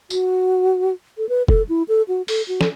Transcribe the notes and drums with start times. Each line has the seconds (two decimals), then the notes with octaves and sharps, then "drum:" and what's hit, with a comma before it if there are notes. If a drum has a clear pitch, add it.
0.10 F#4, drum: tambourine
1.18 A4
1.29 B4
1.48 A4, drum: kick
1.69 E4
1.88 A4
2.08 F#4
2.28 A4, drum: open hi-hat
2.48 F#4
2.61 A4, drum: snare